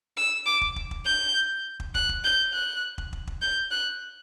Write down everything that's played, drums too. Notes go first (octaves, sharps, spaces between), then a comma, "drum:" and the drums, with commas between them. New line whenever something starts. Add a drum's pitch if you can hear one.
E6
D6
drum: kick
drum: kick
drum: kick
G6
drum: kick
F#6, drum: kick
drum: kick
G6
F#6
drum: kick
drum: kick
drum: kick
G6
F#6